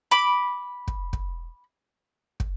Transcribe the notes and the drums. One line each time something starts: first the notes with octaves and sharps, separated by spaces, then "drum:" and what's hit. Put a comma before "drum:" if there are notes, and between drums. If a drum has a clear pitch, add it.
B5 D6
drum: kick
drum: kick
drum: kick